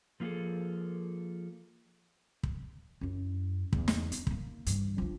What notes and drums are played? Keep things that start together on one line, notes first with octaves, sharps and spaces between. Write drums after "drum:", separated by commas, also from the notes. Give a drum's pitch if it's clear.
F3 A#3 E4 F4 G#4 A4
drum: kick
F#2 E4
E2, drum: kick
drum: snare
B3, drum: hi-hat
A#3 D#4, drum: kick
G2 E3, drum: hi-hat
F3 D4